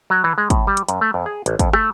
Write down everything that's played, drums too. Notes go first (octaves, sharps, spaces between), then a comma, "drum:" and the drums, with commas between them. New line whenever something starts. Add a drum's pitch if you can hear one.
F#3
E3
G#3
A2, drum: kick, hi-hat
G3
drum: hi-hat
F#2, drum: hi-hat
A3
F2
G#4
A1, drum: hi-hat
F2, drum: kick, hi-hat
A3, drum: rim click